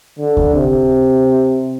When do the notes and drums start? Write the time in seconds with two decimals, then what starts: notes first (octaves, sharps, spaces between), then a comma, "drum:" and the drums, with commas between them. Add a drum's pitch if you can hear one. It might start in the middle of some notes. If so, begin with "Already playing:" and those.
0.19 D3
0.37 drum: kick D2
0.54 C3